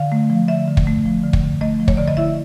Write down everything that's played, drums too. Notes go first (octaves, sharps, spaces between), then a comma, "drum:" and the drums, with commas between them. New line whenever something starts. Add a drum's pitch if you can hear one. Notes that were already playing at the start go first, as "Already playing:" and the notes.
Already playing: D3 F5
A3
F3
D3 E5
D3
drum: kick
A3
F3
D3
drum: kick
D3
A3 D#5
F3
C#5, drum: kick
D3 D5
D#5
E4 E5